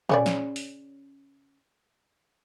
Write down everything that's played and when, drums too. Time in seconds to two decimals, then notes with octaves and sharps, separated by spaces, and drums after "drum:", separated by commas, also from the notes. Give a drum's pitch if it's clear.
0.09 C#3 C#4 D5, drum: tom A#2
0.26 drum: snare
0.56 drum: open hi-hat